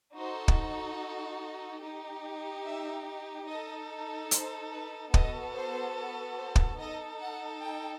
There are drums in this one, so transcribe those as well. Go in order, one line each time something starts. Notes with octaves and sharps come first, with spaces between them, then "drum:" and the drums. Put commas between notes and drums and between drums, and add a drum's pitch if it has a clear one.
D#4 F#4 A4 C5
drum: kick
D#4 G4
E5
D#4 A4 D#5
C5, drum: hi-hat
B4
B3 F#4 A4 D#5, drum: kick
C5
C5
drum: kick
D#4 A4 D#5
F#5
G5